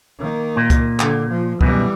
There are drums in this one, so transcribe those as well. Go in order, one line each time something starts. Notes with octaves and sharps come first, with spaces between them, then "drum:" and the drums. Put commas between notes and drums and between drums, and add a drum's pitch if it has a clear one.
D#3 A#3
A#2
drum: kick C#2, hi-hat
D3, drum: clap
F3
F#2 B2 E3 G3, drum: kick C#2